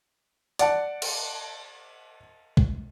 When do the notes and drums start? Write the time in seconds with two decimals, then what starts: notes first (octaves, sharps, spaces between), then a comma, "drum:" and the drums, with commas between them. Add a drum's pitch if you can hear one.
0.59 D5 F#5 A5, drum: hi-hat
1.02 drum: cymbal
2.57 drum: kick B1